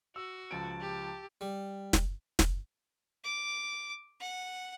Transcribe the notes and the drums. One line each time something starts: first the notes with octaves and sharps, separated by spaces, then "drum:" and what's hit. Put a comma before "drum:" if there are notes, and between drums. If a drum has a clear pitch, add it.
F#4 E6
C#2 F3 A5 D7
G4
G3
drum: snare
drum: snare
D6
F#5